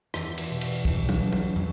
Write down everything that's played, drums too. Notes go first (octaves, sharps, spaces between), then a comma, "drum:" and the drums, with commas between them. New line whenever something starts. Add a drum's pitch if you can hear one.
E2, drum: rim click
drum: cymbal
B2
drum: cymbal
E2, drum: kick
drum: tom
B2
drum: tom
F#3, drum: tom